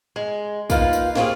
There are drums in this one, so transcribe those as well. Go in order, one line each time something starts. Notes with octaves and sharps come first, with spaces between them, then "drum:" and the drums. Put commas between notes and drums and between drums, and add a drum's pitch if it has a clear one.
G#3
A#3 D#4 F4 B4 F5, drum: kick, tambourine
drum: tambourine
A#3 C4 C#4 F4 G4 G#4, drum: snare